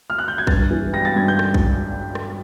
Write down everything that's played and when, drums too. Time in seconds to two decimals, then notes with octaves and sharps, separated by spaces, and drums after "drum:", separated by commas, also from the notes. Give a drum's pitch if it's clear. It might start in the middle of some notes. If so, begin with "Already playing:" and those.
0.10 F6
0.19 F#6
0.28 G6
0.38 G#6
0.47 G2 A6, drum: kick
0.71 E3
0.93 G3 A#6
1.05 A6
1.16 G2 G#6
1.28 G6
1.39 drum: rim click
1.54 drum: kick
2.15 drum: rim click